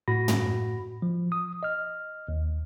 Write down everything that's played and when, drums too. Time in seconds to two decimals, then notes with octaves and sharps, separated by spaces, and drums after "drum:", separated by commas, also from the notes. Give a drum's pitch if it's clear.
0.08 A2 F#4 B5 A#6
0.28 drum: tom
1.02 F3
1.32 D#6
1.63 D#5 F6
2.28 D#2